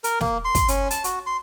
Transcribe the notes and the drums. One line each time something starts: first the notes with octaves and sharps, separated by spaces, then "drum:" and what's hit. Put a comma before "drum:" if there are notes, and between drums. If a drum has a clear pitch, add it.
A#4, drum: hi-hat
A#3, drum: snare
C6
drum: kick, hi-hat
C#4, drum: hi-hat
A5, drum: hi-hat
F#4, drum: hi-hat
C6